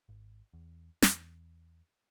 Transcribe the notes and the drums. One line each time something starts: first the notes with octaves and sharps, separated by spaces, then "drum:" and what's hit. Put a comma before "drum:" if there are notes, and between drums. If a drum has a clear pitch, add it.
G#1
E2
E2, drum: snare